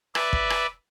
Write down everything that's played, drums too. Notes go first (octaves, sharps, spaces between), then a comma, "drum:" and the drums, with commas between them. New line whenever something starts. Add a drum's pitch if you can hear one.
B4 D5 E5, drum: rim click
drum: kick
drum: rim click